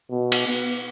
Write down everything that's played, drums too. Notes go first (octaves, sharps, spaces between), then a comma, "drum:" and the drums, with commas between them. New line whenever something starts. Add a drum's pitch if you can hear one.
B2
drum: cymbal
B3